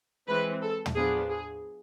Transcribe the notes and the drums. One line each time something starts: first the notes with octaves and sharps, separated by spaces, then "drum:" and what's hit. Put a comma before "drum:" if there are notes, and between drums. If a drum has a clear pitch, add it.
E3 G#3 C4 B4
A4
drum: tom
F3 B3 D4 G#4
G#4